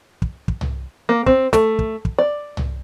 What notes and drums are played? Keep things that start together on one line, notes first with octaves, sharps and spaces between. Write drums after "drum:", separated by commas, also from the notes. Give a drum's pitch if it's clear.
drum: kick
drum: kick
drum: tom C2
A#3
C4, drum: kick
A3, drum: snare
drum: kick
drum: kick
D5
drum: tom C2